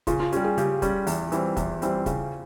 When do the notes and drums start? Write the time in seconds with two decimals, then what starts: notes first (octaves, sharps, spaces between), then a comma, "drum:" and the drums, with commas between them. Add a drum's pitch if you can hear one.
0.07 C#3 F4, drum: kick, hi-hat
0.20 F4
0.32 G3 C#4 G4, drum: hi-hat
0.44 G#4
0.58 C#3 G4, drum: hi-hat
0.82 G3 C#4, drum: kick, hi-hat
1.07 E2, drum: open hi-hat
1.32 E3 G3 C4, drum: hi-hat
1.57 E2, drum: kick, hi-hat
1.82 E3 G3 C4, drum: hi-hat
2.06 C#3, drum: kick, hi-hat